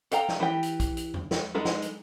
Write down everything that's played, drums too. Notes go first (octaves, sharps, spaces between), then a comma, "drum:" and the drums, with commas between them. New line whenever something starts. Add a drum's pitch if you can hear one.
A4 F5 G5 A#5, drum: hi-hat
drum: snare
E3 G4 G5
drum: hi-hat
drum: kick, hi-hat
drum: hi-hat
drum: tom E2
drum: snare
G#3 D#4 A4 B4
drum: snare
drum: hi-hat